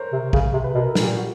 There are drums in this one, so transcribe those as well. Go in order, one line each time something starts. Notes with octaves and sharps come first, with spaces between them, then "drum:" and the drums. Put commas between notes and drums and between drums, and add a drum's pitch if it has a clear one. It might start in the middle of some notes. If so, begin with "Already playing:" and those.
Already playing: A#4 C5 C#5
C3
C#3, drum: kick
C3
B4
B2 A#4
A4
A#2, drum: snare
G4
F#4